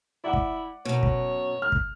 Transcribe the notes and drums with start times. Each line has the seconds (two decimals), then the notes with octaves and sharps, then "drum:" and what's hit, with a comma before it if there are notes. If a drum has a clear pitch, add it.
0.24 E4 D5 F#5 D6
0.33 drum: kick
0.85 F#2 B2 C#5
1.03 drum: kick
1.62 F6
1.72 drum: kick